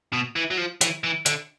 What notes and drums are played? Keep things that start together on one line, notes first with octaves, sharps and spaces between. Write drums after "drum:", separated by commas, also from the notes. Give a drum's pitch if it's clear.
B2
E3
F#3
F3
E3, drum: hi-hat
E3
D3, drum: hi-hat